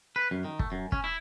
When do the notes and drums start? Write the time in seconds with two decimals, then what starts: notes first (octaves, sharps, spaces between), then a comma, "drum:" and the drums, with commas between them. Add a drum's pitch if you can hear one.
0.16 B4
0.31 F#2
0.45 D#3
0.59 A3, drum: kick
0.72 F#2
0.92 C#4, drum: kick
1.04 E4